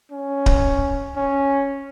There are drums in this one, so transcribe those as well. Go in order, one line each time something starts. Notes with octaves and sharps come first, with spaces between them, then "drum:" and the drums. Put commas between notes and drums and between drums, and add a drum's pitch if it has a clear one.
C#4
drum: kick D1
C#4